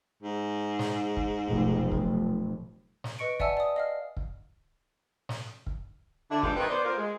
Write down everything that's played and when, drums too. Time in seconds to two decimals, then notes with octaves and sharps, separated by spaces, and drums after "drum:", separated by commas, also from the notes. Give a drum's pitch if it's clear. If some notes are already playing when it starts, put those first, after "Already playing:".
0.23 G#2
0.79 drum: snare
1.17 drum: kick
1.48 F1 B1
1.92 drum: kick
3.04 drum: snare
3.19 B4 D#5 C#6 C#7 D7
3.40 D5 E5 F#5 G#5 A5 E6, drum: kick
3.57 D5 D#6
3.76 D#5 F5 F6
4.17 drum: kick
5.29 drum: snare
5.67 drum: kick
6.31 D3 D4 E4
6.43 G#2 G3 B3 D4 F4 G4, drum: kick
6.56 C3 D#3 C4 G4 B4
6.69 B3 C5 D5
6.84 A#3 C4 F4 A#4
6.97 G#3